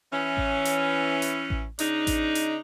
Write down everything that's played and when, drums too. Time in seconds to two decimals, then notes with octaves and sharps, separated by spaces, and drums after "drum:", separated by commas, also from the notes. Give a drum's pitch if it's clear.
0.12 E3 C#4
0.37 drum: kick A1
0.65 drum: hi-hat
1.22 drum: hi-hat
1.50 drum: kick A1
1.79 C#3 D4 D#4, drum: hi-hat
2.07 drum: kick A1, hi-hat
2.35 drum: hi-hat